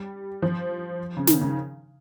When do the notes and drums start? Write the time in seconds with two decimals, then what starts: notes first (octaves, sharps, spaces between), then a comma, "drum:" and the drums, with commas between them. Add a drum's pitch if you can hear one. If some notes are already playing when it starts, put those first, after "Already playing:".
Already playing: G3
0.42 F3
1.17 C#3
1.27 D#3, drum: snare
1.41 C#3